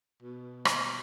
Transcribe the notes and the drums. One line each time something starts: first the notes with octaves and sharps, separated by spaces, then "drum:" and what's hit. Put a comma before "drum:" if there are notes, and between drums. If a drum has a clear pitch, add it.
B2
drum: rim click